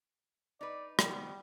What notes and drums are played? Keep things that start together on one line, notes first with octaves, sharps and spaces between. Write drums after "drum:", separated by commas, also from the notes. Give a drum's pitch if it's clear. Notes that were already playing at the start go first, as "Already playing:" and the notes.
D#4 B4 D5
D#3 F3 G3 B3, drum: rim click